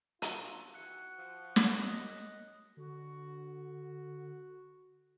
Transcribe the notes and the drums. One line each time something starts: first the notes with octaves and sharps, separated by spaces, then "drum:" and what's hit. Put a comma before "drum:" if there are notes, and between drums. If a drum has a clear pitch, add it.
D4 F4 F#4 E5, drum: hi-hat
D#3 E3 F#4 F#6 C#7
F3
drum: snare
F#2 D#5 D#6
D3 F#4